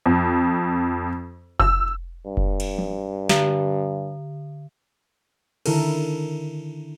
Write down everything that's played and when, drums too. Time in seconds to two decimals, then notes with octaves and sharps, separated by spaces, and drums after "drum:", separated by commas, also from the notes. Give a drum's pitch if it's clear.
0.06 F2
1.60 E6, drum: kick F1
2.26 G2
2.37 drum: kick F1
2.60 drum: cymbal
2.79 drum: tom F3
3.29 D3, drum: snare
5.66 D3 D#3 E4 A4 A#4, drum: cymbal